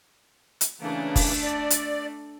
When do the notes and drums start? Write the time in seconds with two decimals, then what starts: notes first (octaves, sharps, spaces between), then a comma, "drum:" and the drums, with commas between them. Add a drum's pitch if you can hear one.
0.61 drum: hi-hat
0.81 C#3 E3 A3 A#3 D4
1.16 drum: kick F1, open hi-hat
1.43 D5
1.70 drum: hi-hat